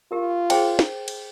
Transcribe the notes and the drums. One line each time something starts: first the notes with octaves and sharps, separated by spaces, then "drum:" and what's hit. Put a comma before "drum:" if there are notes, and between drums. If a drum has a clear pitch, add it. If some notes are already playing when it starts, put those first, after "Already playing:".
F4 G4 A#4
G#4 C5 G5, drum: cymbal
drum: snare
drum: cymbal